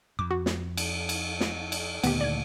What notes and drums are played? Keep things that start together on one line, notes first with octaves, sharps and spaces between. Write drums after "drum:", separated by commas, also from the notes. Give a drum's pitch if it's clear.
F2 D6
F#4
drum: snare
drum: cymbal
drum: cymbal
drum: snare
drum: cymbal
D2 A#2 D#3 B3 G4, drum: cymbal
D5 G#6